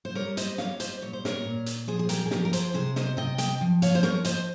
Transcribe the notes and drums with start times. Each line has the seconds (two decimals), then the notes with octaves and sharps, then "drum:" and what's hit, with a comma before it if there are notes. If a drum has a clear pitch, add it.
0.05 C5
0.15 G3 A#4 C#5
0.37 C5 D#5, drum: hi-hat
0.58 G3 C#5 F5, drum: snare
0.80 C5 D#5, drum: hi-hat
1.01 A#2 C#5
1.13 C5
1.25 A#4 C#5, drum: snare
1.45 A#2
1.66 drum: hi-hat
1.87 F3 G#4 C5
1.99 G#4
2.09 G4 A#4, drum: hi-hat
2.26 G#4
2.31 F3 G4 A#4, drum: snare
2.45 A#4
2.53 G#4 C5, drum: hi-hat
2.74 C3 G#4 C5
2.96 C5 D#5, drum: snare
3.17 C3 D#5 G5
3.38 D#5 G5, drum: hi-hat
3.61 F3
3.82 C#5 F5, drum: hi-hat
3.95 C5
4.03 F3 A#4 C#5, drum: snare
4.25 C5 D#5, drum: hi-hat